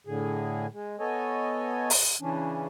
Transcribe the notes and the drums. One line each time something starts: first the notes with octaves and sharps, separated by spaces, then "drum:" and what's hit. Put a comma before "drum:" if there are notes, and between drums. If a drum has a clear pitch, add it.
A2 D3 G#4
G#3
B3 A4 C#5 D#5 G#5
drum: open hi-hat
C#3 E3 C#4 D4